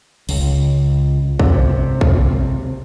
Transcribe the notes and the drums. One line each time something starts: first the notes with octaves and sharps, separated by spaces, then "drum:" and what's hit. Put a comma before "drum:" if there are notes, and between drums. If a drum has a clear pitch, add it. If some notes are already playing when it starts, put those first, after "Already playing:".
C#2, drum: cymbal
C3, drum: kick A#1
drum: kick A#1